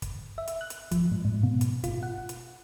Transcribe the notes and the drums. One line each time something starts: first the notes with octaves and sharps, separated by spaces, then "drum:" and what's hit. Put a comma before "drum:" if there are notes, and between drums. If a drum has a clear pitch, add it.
drum: kick, hi-hat
E5
drum: hi-hat
F#6
drum: hi-hat
F3, drum: kick, hi-hat
G#2
G#2
B2
drum: hi-hat
F4, drum: kick, hi-hat
F#5
drum: hi-hat